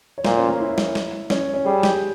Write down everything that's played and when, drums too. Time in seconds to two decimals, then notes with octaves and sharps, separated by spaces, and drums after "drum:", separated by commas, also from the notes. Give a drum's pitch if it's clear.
0.18 C#5
0.25 A#2 C5, drum: snare
0.37 C#4
0.49 A#3
0.60 E4
0.78 drum: snare
0.95 drum: snare
1.30 C#4, drum: snare
1.54 C#4
1.65 G3 G#4
1.83 G4, drum: snare